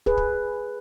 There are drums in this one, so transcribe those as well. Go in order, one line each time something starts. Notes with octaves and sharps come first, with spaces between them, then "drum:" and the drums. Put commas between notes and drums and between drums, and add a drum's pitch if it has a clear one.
G#4 B4, drum: kick
drum: kick